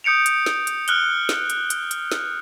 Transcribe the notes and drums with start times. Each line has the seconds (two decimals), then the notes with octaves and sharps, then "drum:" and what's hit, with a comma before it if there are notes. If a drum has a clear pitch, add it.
0.04 D#6 G6 C#7 D7 F7
0.26 drum: hi-hat
0.46 drum: snare
0.67 drum: hi-hat
0.88 F6 F#6 G7, drum: hi-hat
1.29 drum: snare
1.50 drum: hi-hat
1.70 drum: hi-hat
1.91 drum: hi-hat
2.12 drum: snare